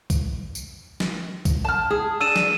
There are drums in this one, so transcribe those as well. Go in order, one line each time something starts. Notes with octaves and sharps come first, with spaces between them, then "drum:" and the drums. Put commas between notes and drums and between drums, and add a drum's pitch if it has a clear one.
drum: kick, tambourine
drum: tambourine
drum: snare
drum: kick, tambourine
A5 F6
G#4
D4 E6 D#7 E7
drum: snare